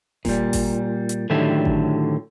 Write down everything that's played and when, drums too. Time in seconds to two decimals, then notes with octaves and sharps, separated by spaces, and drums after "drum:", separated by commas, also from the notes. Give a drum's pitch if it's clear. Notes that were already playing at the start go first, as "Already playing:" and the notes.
0.25 A#2 G3, drum: snare F1
0.53 drum: kick G#1, open hi-hat
1.09 drum: hi-hat
1.30 A2 D3 D#3 F#3 G4 E5
1.65 drum: kick G#1